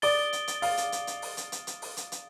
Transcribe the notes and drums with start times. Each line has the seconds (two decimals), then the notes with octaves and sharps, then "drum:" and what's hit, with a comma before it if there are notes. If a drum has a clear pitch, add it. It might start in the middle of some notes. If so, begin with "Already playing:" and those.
0.02 D5 D#6 A6 D7 G7, drum: open hi-hat
0.33 drum: hi-hat
0.48 drum: hi-hat
0.62 F5, drum: open hi-hat
0.77 drum: hi-hat
0.92 drum: hi-hat
1.07 drum: hi-hat
1.22 drum: open hi-hat
1.37 drum: hi-hat
1.52 drum: hi-hat
1.67 drum: hi-hat
1.82 drum: open hi-hat
1.97 drum: hi-hat
2.12 drum: hi-hat